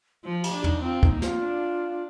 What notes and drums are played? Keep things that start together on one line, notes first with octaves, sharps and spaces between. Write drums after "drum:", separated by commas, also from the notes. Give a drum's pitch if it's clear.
F3 F4
G4, drum: cymbal
D4
D#4, drum: tom
C4 F4
D#4, drum: kick
A#3
F4, drum: snare
D4